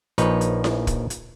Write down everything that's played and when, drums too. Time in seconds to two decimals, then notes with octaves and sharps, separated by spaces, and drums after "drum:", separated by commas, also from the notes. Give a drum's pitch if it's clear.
0.18 A#1 F3 D#4 B4 C#5, drum: hi-hat
0.41 drum: hi-hat
0.64 drum: snare E4
0.87 drum: kick, hi-hat
1.10 drum: hi-hat